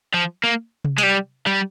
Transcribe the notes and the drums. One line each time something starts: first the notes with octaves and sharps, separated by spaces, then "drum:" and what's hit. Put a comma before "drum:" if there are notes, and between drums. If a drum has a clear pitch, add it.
F3
A#3
drum: tom C3
G#3, drum: hi-hat
G3
G3